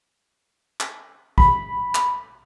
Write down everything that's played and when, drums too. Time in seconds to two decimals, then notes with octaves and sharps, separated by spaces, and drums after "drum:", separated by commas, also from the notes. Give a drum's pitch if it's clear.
0.80 drum: clap
1.38 B5, drum: kick
1.95 drum: clap